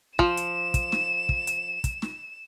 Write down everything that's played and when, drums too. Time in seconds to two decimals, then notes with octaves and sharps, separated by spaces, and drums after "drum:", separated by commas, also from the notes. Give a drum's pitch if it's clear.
0.19 F3 E7, drum: kick
0.37 drum: hi-hat
0.74 drum: kick, hi-hat
0.92 drum: snare
1.29 drum: kick
1.47 drum: hi-hat
1.84 drum: kick, hi-hat
2.02 drum: snare